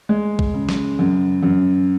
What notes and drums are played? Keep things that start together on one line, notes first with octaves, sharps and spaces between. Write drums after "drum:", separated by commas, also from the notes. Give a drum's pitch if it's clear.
G#3
drum: kick B1
C#3
drum: snare
F#2
F#2